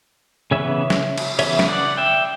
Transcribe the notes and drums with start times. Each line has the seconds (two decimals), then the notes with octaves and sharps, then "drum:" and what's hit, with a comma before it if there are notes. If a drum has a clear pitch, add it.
0.51 C#3 E3 B3 C#5 E5
0.90 drum: snare
1.18 drum: cymbal
1.39 C#3 E3 B3 C#5 E5, drum: cymbal
1.59 drum: snare
1.68 D5 F#5
1.97 E5 G5